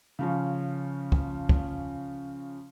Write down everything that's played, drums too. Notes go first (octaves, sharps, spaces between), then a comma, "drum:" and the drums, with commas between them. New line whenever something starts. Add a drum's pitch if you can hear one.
C#3 F3 C#4
drum: kick
drum: kick